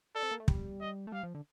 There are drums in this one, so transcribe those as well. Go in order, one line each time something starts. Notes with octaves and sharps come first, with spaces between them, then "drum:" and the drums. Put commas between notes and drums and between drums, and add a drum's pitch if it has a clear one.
D4 A4
C4
A#3
A3
G3, drum: kick
D#5
A3
G3 F5
F3
D3